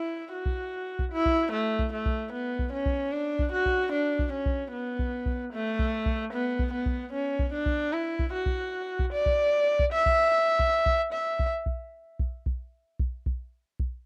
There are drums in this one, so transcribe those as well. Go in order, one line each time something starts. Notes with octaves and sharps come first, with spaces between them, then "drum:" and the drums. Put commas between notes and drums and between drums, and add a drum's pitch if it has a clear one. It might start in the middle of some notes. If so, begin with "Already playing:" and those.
Already playing: E4
F#4
drum: kick B1
drum: kick B1
E4
drum: kick B1
A3
drum: kick B1
A3
drum: kick B1
B3
drum: kick B1
C#4
drum: kick B1
D4
drum: kick B1
F#4
drum: kick B1
D4
drum: kick B1
C#4
drum: kick B1
B3
drum: kick B1
drum: kick B1
A3
drum: kick B1
drum: kick B1
B3
drum: kick B1
B3
drum: kick B1
C#4
drum: kick B1
D4
drum: kick B1
E4
drum: kick B1
F#4
drum: kick B1
drum: kick B1
D5
drum: kick B1
drum: kick B1
E5
drum: kick B1
drum: kick B1
drum: kick B1
E5
drum: kick B1
drum: kick B1
drum: kick B1
drum: kick B1
drum: kick B1
drum: kick B1
drum: kick B1